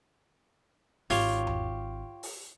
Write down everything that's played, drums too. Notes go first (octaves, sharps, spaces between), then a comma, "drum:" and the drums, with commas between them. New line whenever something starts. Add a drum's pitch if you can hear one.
G#1 F4 G4 C#5, drum: open hi-hat
drum: tom E2
drum: open hi-hat